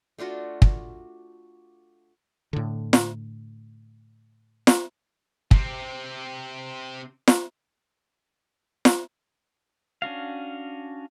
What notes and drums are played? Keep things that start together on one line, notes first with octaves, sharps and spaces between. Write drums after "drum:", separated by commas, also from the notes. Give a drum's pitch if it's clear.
A3 D4 F4 F#4
drum: kick
A2 D3
drum: snare
drum: snare
C3 C4, drum: kick
drum: snare
drum: snare
C#4 D4 F#4 F5